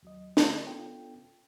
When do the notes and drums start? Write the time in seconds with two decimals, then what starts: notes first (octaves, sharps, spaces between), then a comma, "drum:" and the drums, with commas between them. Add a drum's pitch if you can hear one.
0.03 D#2 F#3 D#5
0.37 D3 A3, drum: snare
0.64 B3 C#4 D4 F4 A4 G5